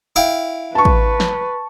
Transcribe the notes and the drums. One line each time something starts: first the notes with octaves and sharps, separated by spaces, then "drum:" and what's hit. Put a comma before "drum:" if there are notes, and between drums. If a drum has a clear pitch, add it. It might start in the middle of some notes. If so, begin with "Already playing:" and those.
E4 F5 G5
B4 A5 C#6
drum: kick
drum: snare